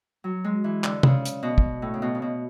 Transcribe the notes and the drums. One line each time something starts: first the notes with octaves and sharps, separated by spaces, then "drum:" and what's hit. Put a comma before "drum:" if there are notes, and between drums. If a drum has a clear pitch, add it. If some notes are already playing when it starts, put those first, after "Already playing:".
F#3
G#3
E3
D3, drum: clap
C#3, drum: tom C3
drum: hi-hat
B2
drum: kick
A2
C#3
B2
C#3
B2